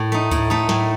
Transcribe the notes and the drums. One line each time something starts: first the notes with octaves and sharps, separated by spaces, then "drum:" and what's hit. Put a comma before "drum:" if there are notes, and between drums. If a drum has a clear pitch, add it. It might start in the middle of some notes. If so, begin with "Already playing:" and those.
Already playing: A2
A3 D#4
A2, drum: kick D2, tambourine
A3 D#4
A2, drum: snare